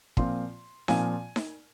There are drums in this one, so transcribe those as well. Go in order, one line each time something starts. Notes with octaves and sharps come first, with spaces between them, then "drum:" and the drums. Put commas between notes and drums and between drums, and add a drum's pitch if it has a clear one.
A#2 F3 C4 F4 C6, drum: kick
A#2 F3 C4 F4 G#5, drum: snare D#4
drum: snare D#4